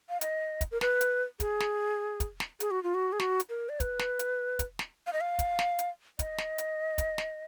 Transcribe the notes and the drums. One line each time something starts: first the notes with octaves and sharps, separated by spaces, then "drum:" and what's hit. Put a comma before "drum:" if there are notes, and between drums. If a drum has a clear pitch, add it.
F5
D#5, drum: hi-hat
drum: kick, hi-hat
A#4
B4, drum: snare
drum: hi-hat
G#4, drum: kick, hi-hat
drum: snare
drum: kick, hi-hat
drum: snare
G#4, drum: hi-hat
F#4
F4
F#4
G#4
F#4, drum: snare
drum: hi-hat
A#4
D5
B4, drum: kick, hi-hat
drum: snare
drum: hi-hat
drum: kick, hi-hat
drum: snare
F5
D#5
F5
drum: kick, hi-hat
drum: snare
drum: hi-hat
D#5, drum: kick, hi-hat
drum: snare
drum: hi-hat
drum: kick, hi-hat
drum: snare